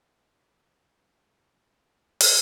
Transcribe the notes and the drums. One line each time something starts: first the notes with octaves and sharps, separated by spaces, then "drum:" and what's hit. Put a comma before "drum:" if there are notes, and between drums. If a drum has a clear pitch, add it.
E2 F#5
G3 E4 F4
drum: open hi-hat